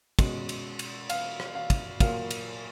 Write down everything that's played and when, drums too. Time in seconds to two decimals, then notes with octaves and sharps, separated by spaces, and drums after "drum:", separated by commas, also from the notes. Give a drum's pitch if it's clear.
0.19 B2 G#3 C#4, drum: kick, cymbal
0.49 drum: cymbal
0.79 drum: cymbal
1.10 F5, drum: cymbal
1.40 drum: rim click
1.55 F5
1.70 drum: kick, cymbal
2.00 A#2 F#3 A#3 F5, drum: kick, cymbal
2.31 drum: cymbal